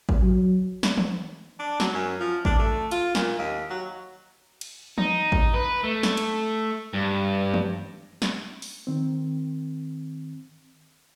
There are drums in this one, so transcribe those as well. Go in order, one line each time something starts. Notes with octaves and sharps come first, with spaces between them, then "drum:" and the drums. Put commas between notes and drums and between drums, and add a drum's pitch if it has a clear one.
drum: kick A1
F#3
drum: snare
drum: tom
D4
F#3, drum: snare
F#2
F3
D4, drum: kick A1
A3
F4, drum: hi-hat
A#2, drum: snare
D#2
F#3
drum: cymbal
D#4, drum: tom
drum: kick A1
B4
A3
drum: snare
drum: cymbal
G2
drum: tom
drum: snare
drum: open hi-hat
D#3 C4